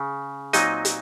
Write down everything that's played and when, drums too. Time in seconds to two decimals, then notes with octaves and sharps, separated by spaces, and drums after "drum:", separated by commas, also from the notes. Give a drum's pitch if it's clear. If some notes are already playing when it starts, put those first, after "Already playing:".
Already playing: C#3
0.53 A#2 F#3 C4 D#4 D#5, drum: hi-hat
0.85 drum: hi-hat